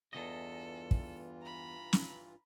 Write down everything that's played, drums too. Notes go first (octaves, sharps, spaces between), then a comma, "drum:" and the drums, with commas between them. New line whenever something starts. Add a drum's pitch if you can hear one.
E2 G2 C3 E3 F4 A4 D#5
drum: kick
A#5 B5
drum: snare